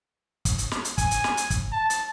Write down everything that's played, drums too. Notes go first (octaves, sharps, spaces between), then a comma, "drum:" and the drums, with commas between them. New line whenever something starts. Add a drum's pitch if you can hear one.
drum: kick, hi-hat
drum: hi-hat
drum: snare
drum: hi-hat
G#5, drum: kick, hi-hat
drum: hi-hat
drum: snare
drum: hi-hat
drum: kick, hi-hat
A5
drum: hi-hat